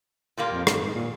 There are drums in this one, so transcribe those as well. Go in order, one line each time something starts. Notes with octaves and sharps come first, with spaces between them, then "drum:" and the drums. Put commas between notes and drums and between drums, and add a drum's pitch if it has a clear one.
A#2 G3 A#3 F4
F2
G2, drum: rim click
G#2
A#2